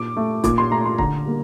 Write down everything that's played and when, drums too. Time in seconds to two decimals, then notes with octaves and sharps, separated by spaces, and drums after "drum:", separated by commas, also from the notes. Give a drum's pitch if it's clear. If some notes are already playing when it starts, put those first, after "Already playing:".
Already playing: A#2 D6
0.17 A3
0.44 A#2 D6, drum: kick, hi-hat
0.58 C6
0.71 A3 A#5
0.85 C6
0.98 D3 A#5, drum: kick
1.26 G3 A#3